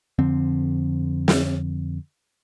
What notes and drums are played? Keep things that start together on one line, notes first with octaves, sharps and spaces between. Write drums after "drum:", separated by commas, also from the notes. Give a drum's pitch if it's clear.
F2 D3 C4
drum: snare